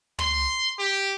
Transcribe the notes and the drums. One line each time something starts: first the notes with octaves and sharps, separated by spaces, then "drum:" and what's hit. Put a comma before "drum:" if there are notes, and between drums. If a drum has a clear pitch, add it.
C6, drum: tom
G4